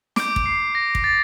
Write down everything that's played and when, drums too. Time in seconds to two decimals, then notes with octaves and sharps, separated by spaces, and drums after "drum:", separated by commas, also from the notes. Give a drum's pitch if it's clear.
0.16 D6 G6 D7, drum: snare
0.36 drum: kick
0.46 C7
0.75 A#6
0.95 drum: kick
1.04 A6